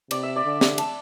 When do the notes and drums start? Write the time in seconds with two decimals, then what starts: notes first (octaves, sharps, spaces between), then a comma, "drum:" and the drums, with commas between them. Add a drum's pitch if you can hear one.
0.11 C3 D5, drum: cymbal
0.23 E5
0.36 D5
0.45 D3
0.61 drum: snare
0.78 A5, drum: cymbal